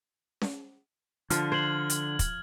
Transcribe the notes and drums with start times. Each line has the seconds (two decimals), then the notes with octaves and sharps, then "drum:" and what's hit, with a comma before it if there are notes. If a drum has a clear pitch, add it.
0.42 drum: snare C#4
1.30 D3 F3 F6, drum: hi-hat
1.52 C5 G#6 F#7
1.90 drum: hi-hat
2.19 drum: kick, hi-hat